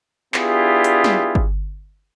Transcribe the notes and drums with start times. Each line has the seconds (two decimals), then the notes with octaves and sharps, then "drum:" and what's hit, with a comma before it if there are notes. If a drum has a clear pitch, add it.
0.34 B3 D4 E4 F4 G4 G#4, drum: clap
0.84 drum: hi-hat
1.04 drum: snare
1.35 drum: kick G1